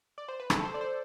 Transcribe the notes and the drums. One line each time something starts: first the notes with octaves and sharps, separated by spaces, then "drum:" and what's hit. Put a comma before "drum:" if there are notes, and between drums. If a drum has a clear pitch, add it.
D5
C5
B4
A4, drum: rim click
C5
D5
C5